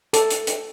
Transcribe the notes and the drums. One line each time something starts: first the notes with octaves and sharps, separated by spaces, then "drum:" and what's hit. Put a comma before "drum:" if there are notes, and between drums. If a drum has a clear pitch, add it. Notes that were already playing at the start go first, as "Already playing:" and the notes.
A4, drum: hi-hat
drum: hi-hat
drum: hi-hat